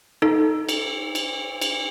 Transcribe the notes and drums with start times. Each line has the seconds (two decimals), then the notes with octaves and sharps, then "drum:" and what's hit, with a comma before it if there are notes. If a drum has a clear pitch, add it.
0.22 D#4 A4
0.69 drum: cymbal
1.15 drum: cymbal
1.61 drum: cymbal